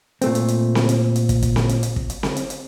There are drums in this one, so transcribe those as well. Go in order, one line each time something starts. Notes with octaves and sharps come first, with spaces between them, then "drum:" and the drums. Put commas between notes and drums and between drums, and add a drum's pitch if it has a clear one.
A#2 A3 C4, drum: hi-hat
drum: hi-hat
drum: hi-hat
drum: snare C4
drum: hi-hat
drum: hi-hat
drum: kick, hi-hat
drum: kick, hi-hat
drum: snare C4
drum: hi-hat
drum: hi-hat
drum: kick
drum: hi-hat
drum: snare C4
drum: hi-hat
drum: hi-hat